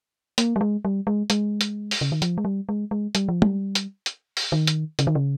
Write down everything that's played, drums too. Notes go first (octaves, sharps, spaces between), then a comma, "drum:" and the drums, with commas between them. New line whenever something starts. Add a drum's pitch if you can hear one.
A#3, drum: hi-hat
G3
G#3
G3
G#3
G#3, drum: hi-hat
drum: hi-hat
drum: open hi-hat
C#3
D#3
F3, drum: hi-hat
G#3
G3
G#3
G#3
G3, drum: hi-hat
F3
G3, drum: tom
drum: hi-hat
drum: hi-hat
drum: open hi-hat
D#3
drum: hi-hat
C#3, drum: hi-hat
D#3
C#3